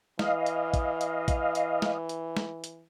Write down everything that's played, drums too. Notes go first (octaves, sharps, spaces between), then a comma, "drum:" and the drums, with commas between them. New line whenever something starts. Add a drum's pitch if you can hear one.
E3 D#5 F5, drum: snare
drum: hi-hat
drum: kick A1, hi-hat
drum: hi-hat
drum: kick A1, hi-hat
drum: hi-hat
drum: snare
drum: hi-hat
drum: snare
drum: hi-hat